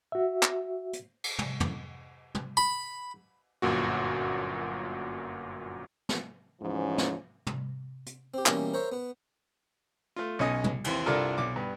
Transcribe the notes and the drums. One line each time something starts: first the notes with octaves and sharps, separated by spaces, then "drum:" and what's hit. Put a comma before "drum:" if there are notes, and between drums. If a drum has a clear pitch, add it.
F#4 E5
drum: clap
drum: hi-hat
drum: cymbal
drum: tom
drum: tom
drum: tom
B5
G1 F#2 A#2 F#4
drum: snare
D2 G#2 E3 F3 C#4
drum: snare
drum: tom
drum: hi-hat
C4 G4
B2 E3 G3 A#3 C#4, drum: clap
A#4 C5 C#5 E5
B3 B4
A3 F4
B1 C#4 D#5 D#6
drum: tom
D#2 E3 C4, drum: cymbal
C2 G2 D4 F4 A4 A#4
B1 D6
G2 B3